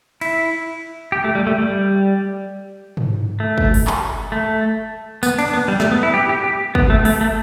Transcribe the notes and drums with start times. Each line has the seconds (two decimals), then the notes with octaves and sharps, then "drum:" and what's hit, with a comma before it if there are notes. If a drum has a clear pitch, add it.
0.21 E4, drum: cymbal
1.12 G4
1.24 A3
1.35 G3
1.47 A3
1.58 G3
2.97 drum: tom G#2
3.40 A3
3.58 drum: kick
3.74 drum: open hi-hat
3.87 drum: clap
4.32 A3
5.23 B3, drum: tambourine
5.39 D4, drum: cymbal
5.53 B3
5.68 G3
5.80 A3, drum: snare
5.91 B3
6.03 E4
6.14 G4
6.29 G4
6.44 G4
6.75 B3, drum: kick
6.90 A3
7.05 A3, drum: open hi-hat
7.21 A3